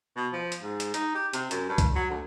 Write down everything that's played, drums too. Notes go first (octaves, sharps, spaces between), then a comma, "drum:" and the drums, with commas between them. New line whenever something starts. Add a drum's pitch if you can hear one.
B2
F3
drum: hi-hat
G#2
drum: hi-hat
D#4, drum: hi-hat
G4
C3, drum: hi-hat
F#2, drum: hi-hat
G2
drum: kick C#2, hi-hat
F#3
D2